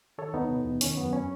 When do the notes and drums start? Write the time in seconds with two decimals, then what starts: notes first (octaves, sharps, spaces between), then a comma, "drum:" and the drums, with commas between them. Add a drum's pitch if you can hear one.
0.18 D#3 A4 C#5
0.33 E2 B3 D#4
0.49 B2
0.65 E2
0.81 D#3 C#4, drum: open hi-hat
0.97 F#2 B3
1.13 C#4